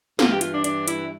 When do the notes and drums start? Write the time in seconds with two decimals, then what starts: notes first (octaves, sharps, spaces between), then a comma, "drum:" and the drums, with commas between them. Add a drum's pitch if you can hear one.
0.19 G2 E3 F4, drum: snare
0.31 G4
0.41 F4, drum: hi-hat
0.54 D4
0.64 D4, drum: hi-hat
0.88 E4, drum: hi-hat